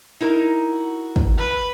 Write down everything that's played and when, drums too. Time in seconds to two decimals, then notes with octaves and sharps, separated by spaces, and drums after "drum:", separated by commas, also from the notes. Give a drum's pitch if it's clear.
0.21 D#4 E4 A#4
0.68 F#4
1.16 drum: kick
1.38 B4